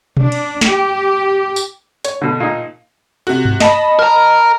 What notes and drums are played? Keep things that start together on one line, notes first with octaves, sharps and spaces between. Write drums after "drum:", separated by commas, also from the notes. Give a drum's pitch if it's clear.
D4, drum: tom B2
drum: cymbal
G4, drum: snare
drum: tambourine
C#5, drum: hi-hat
B2 D3
A#2 D#4
C3 F#4
drum: tom G2
D#5 A5 B5, drum: snare
A#4 A#5